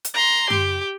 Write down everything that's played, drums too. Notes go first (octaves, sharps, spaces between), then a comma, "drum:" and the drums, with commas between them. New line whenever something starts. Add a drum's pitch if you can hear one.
drum: hi-hat
A#5 C6
G4, drum: tom F#2